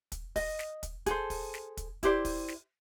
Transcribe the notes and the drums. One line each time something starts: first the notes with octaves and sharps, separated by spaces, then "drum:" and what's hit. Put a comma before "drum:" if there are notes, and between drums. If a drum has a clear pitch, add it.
drum: kick, hi-hat
D#5, drum: kick, open hi-hat
drum: snare
drum: kick, hi-hat
G#4 A4 C5, drum: kick, hi-hat
drum: kick, open hi-hat
drum: snare
drum: kick, hi-hat
E4 G4 C5 D5, drum: kick, hi-hat
drum: kick, open hi-hat
drum: snare